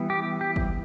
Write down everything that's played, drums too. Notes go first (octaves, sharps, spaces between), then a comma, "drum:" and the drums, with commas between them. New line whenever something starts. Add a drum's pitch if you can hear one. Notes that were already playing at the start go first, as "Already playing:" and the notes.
Already playing: E3 G3 B3
G4
G4
drum: kick